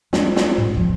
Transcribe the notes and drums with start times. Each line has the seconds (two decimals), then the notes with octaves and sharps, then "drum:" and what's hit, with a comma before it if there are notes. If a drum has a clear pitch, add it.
0.13 G3 G#3 D4, drum: snare
0.36 drum: snare
0.58 A2
0.74 D1 A1 E2 F3